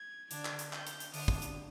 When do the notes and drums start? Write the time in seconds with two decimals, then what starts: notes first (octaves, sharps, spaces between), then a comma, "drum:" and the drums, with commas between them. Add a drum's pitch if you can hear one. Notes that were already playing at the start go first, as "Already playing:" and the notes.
Already playing: G#6
0.31 D3 D4 G#6, drum: hi-hat
0.45 drum: clap
0.59 drum: hi-hat
0.73 G6, drum: clap
0.87 drum: hi-hat
1.00 drum: hi-hat
1.14 D3 D4 D#6, drum: open hi-hat
1.28 drum: kick
1.42 drum: hi-hat